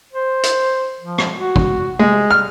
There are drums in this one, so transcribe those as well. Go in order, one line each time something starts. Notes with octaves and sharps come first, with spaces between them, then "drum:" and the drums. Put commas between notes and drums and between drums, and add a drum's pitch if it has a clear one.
C5
drum: hi-hat
F3
drum: rim click
F#4
drum: kick
C3 G#3
G3 F6